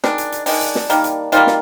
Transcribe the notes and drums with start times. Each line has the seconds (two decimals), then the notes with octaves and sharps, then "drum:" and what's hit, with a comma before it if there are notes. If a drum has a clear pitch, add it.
0.04 D#3 G#3 D4, drum: snare
0.18 drum: hi-hat
0.32 drum: hi-hat
0.46 D#3 G#3 D4, drum: open hi-hat
0.61 drum: hi-hat
0.75 drum: snare
0.90 D#3 G3 A#3, drum: hi-hat
1.04 drum: hi-hat
1.32 D#3 G3 A#3 F4, drum: hi-hat
1.47 drum: snare